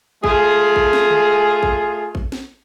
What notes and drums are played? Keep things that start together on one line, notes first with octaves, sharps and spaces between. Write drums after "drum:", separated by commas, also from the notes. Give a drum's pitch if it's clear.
A3 F4 G#4, drum: kick
drum: kick
drum: snare
drum: tom D3
drum: kick
drum: kick
drum: snare